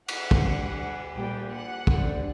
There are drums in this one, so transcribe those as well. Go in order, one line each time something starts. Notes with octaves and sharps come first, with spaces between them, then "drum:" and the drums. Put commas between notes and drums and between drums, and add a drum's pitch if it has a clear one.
F#5, drum: cymbal
drum: kick
D2 D3 G3
A#1 A#2 G3 G5
F#5
D2 D3 G3, drum: kick